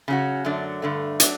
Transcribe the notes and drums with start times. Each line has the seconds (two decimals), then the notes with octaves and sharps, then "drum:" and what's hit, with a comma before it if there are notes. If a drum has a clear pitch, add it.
0.08 C#3 F#3 C#4 F#4
0.45 F#2 D3 F#3 A3 D4
0.82 G2 D3 A3
1.20 F#3 A3 D4, drum: hi-hat